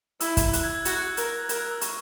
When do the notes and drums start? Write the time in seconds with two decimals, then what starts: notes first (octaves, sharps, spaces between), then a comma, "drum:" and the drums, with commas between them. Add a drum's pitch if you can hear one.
0.20 E4 E6, drum: hi-hat
0.37 drum: kick, hi-hat
0.53 F#6, drum: hi-hat
0.63 G#6
0.75 F#6
0.85 F#4 G#6, drum: hi-hat
0.96 F#6
1.17 A#4 F#6, drum: hi-hat
1.49 A#4 G#6, drum: hi-hat
1.59 F#6
1.71 E6
1.81 C#6, drum: hi-hat